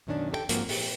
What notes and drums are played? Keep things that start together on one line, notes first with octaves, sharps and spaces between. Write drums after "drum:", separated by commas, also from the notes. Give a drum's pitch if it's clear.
F#2 B2 D#3 C#4 D4
G4 A4 C5 G5
G#2 F3 A#3 C4 F#4 A#4, drum: hi-hat
A#2 G4, drum: open hi-hat